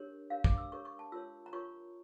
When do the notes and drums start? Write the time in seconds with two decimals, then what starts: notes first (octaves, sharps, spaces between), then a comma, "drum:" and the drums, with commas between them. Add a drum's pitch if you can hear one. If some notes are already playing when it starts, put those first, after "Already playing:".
Already playing: D4 G4 A#4 C#5
0.30 D4 G4 A#4 C#5 F5
0.44 D6, drum: kick
0.58 E6
0.72 D4 G4 A#4 C#5 C#6
0.85 C#6
0.99 A5
1.12 F4 A#4 C#5 E6
1.46 A#5
1.53 F4 A#4 C#5 C#6